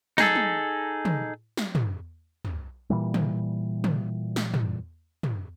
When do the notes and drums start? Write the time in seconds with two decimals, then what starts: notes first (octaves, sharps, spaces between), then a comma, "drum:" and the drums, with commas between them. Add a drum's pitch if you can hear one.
0.18 D#4 G#4 A4, drum: snare
0.35 drum: tom
1.05 drum: tom
1.57 drum: snare
1.75 drum: tom
2.45 drum: tom
2.90 A#2 E3 G3
3.14 drum: tom
3.84 drum: tom
4.36 drum: snare
4.54 drum: tom
5.23 drum: tom